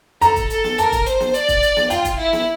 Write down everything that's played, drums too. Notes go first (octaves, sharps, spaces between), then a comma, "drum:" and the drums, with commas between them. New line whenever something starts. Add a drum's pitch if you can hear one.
A4 A#5, drum: hi-hat
drum: kick, hi-hat
A4, drum: hi-hat
drum: snare
A#4 A5, drum: hi-hat
drum: kick, hi-hat
C5, drum: hi-hat
drum: snare
D5, drum: hi-hat
drum: kick, hi-hat
drum: hi-hat
drum: snare
F4 G5, drum: hi-hat
drum: kick, hi-hat
E4
drum: snare